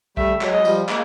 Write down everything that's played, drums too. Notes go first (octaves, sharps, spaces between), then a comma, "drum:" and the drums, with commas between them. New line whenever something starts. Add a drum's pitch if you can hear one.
G3 A3 E5, drum: kick B1
F#3 G#3, drum: clap
D#5
F3 G3, drum: tambourine
G#3 A#3, drum: clap